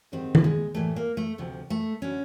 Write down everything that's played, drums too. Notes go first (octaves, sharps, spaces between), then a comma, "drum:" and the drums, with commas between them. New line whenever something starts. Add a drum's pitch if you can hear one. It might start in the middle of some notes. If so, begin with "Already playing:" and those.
G#2 D#3 G3 C4
drum: tom D#3
G#3
A2 E3 G3 A3
A#3
A3
D2 C3 F3
A3
D3 F#3 C#4